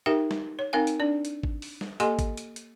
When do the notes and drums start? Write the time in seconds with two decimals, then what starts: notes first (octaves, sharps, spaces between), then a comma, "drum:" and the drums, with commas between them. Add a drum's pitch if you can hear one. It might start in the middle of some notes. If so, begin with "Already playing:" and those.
0.06 D#4 G4 A#4 E5 G5
0.31 drum: snare
0.59 C#5
0.73 C4 D#4 A#4 F5 G5 G#5
0.87 drum: hi-hat
1.00 D4 D5
1.25 drum: hi-hat
1.43 drum: kick G#1
1.62 drum: open hi-hat
1.81 drum: snare
2.00 A#3 G4 A4 D#5 G#5 C6, drum: hi-hat
2.19 drum: kick G#1, hi-hat
2.37 drum: hi-hat
2.56 drum: hi-hat